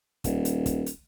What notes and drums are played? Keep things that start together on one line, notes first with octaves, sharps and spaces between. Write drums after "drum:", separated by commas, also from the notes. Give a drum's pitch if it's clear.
D#1, drum: kick, hi-hat
drum: hi-hat
drum: kick, hi-hat
drum: hi-hat